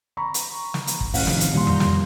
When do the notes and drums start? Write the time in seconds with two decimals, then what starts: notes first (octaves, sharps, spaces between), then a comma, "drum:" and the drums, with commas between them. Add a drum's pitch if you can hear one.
0.17 A#5 B5 C#6
0.34 drum: hi-hat
0.74 drum: snare
0.87 drum: hi-hat
1.01 drum: kick
1.14 A1 C3 D#3 F3 F5 F#5, drum: kick, open hi-hat
1.27 drum: snare
1.40 drum: hi-hat
1.54 D#2 A#2 G3 A#5 C6 G6
1.67 drum: tom F2
1.80 drum: snare